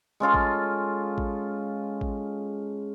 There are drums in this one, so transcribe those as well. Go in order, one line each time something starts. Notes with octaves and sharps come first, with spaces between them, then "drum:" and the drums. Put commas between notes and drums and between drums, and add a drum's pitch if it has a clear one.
G#3 C#4 F4 A4
drum: kick A1
drum: kick A1
drum: kick A1